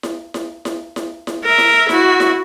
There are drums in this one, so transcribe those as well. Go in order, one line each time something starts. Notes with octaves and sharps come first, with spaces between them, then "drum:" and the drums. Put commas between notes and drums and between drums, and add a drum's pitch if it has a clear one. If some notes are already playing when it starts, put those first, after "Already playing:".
drum: snare E4
drum: snare E4
drum: snare E4
drum: snare E4
drum: snare E4
A#4 E5
drum: snare E4
E4 F#4, drum: snare E4
drum: snare E4